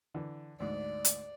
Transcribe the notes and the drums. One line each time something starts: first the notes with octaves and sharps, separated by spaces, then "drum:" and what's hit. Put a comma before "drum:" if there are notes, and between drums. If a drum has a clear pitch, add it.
D3 E3
D2 G#2 D5
drum: hi-hat